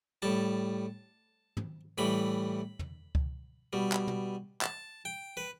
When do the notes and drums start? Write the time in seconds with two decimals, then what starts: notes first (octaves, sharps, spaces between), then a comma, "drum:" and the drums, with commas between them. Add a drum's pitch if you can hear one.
0.22 A2 G3 A5
1.57 drum: tom
1.98 A2 E3 G3 B5
2.79 drum: tom
3.15 drum: kick C#2
3.73 B2 G3
3.92 drum: clap
4.08 drum: tom
4.61 A5, drum: clap
5.05 G5
5.37 B4